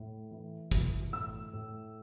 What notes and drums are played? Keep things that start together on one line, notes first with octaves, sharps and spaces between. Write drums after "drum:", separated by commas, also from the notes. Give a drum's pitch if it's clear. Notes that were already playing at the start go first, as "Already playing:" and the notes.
Already playing: A2
E3
E3, drum: kick
A2 E6
A2